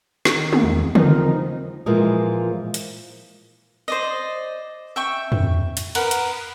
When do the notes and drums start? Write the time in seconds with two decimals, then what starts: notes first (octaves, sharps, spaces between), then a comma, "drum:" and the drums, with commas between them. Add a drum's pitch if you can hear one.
0.25 D#3, drum: snare
0.53 drum: tom
0.63 E2 G#3
0.95 F3 C4 D#4 A#4, drum: tom
1.86 A#2 E3 F3 G#3 A#3 G#4
2.74 drum: hi-hat
3.88 C5 D5 D#5
4.96 E5 G5 C#6
5.32 drum: tom
5.77 drum: hi-hat
5.95 A#4 B4 F#5, drum: cymbal
6.11 drum: hi-hat